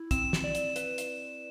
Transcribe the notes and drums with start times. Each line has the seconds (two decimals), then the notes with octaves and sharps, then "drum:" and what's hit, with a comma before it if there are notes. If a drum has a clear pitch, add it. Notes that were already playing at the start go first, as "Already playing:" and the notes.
Already playing: E4
0.11 C4 E7, drum: kick, hi-hat
0.33 drum: snare
0.44 D5
0.55 drum: hi-hat
0.76 B4, drum: hi-hat
0.98 drum: hi-hat